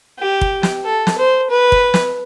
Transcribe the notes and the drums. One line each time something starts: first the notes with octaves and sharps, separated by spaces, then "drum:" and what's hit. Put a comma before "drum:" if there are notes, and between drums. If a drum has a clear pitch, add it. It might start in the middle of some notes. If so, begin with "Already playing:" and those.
G4
drum: kick
drum: snare
A4
drum: snare
C5
B4
drum: kick
drum: snare